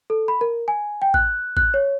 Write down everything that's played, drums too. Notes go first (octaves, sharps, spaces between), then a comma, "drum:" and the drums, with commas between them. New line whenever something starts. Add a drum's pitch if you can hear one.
A4
B5
A#4
G#5
G5
F#6, drum: kick A1
F#6, drum: kick A1
C#5